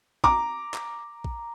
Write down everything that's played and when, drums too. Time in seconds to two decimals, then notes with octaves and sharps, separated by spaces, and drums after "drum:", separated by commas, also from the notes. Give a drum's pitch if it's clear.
0.24 A#5 D6, drum: kick A#1
0.74 drum: clap
1.24 drum: kick A#1